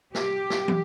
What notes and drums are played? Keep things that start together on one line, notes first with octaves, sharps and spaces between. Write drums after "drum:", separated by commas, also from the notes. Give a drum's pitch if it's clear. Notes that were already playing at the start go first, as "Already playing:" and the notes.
G4, drum: snare
drum: snare
drum: tom